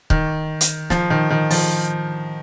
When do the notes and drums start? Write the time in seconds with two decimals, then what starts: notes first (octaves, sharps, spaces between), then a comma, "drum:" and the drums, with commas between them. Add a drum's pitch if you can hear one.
0.10 D#3, drum: kick
0.61 drum: hi-hat
0.90 F3, drum: snare
1.10 D#3
1.30 D#3
1.50 F3, drum: open hi-hat